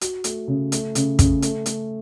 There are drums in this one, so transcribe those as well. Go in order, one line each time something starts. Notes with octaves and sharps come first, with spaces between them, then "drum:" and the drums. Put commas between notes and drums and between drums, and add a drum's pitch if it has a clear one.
F#4, drum: hi-hat
A3, drum: hi-hat
C#3
A3, drum: hi-hat
C#3, drum: hi-hat
C#3, drum: kick, hi-hat
A3, drum: hi-hat
A3, drum: hi-hat